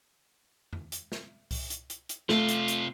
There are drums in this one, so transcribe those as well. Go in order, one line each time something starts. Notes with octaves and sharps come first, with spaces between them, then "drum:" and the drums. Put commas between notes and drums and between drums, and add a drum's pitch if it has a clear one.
drum: tom E2
drum: hi-hat
drum: snare
drum: kick C2, open hi-hat
drum: hi-hat
drum: hi-hat
drum: hi-hat
C3 A3 F4, drum: snare
drum: hi-hat
drum: hi-hat